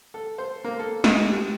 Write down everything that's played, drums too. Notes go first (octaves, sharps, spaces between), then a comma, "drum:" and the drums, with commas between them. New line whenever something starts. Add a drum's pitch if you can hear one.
A4
C5
A#3
A4
G#3, drum: snare
G3